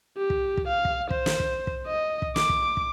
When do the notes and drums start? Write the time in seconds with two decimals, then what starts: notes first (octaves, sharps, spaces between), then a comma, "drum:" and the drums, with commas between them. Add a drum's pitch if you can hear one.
0.17 G4
0.30 drum: kick
0.57 drum: kick
0.68 F5
0.85 drum: kick
1.11 C5, drum: kick
1.26 drum: snare
1.40 drum: kick
1.67 drum: kick
1.87 D#5
2.22 drum: kick
2.36 D6, drum: snare
2.49 drum: kick
2.77 drum: kick